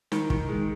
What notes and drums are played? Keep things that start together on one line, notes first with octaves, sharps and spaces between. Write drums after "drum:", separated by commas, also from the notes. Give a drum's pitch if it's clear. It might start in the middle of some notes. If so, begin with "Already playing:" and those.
D#3, drum: snare
D#3, drum: kick
G#3